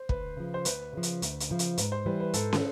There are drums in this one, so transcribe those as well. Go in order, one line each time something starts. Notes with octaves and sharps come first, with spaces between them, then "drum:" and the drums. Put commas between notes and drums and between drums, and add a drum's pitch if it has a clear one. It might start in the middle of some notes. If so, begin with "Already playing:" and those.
Already playing: C5
D2 B4, drum: kick
C#3 F3
C5
D2 B4, drum: hi-hat
C#3 F3
drum: hi-hat
D2, drum: hi-hat
drum: hi-hat
C#3 F3
drum: hi-hat
G#2 B4, drum: hi-hat
C5
E3 G3 B4
B4
G#2 A4, drum: hi-hat
drum: snare